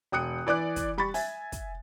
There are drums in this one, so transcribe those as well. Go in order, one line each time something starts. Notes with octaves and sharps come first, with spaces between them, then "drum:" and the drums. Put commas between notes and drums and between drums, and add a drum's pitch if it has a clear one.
E1 G5 D#6 F#6 C#7
E3 D5 D6 F#6
drum: kick, hi-hat
G3 B5 C#6 A6
E5 G#5, drum: open hi-hat
drum: kick, hi-hat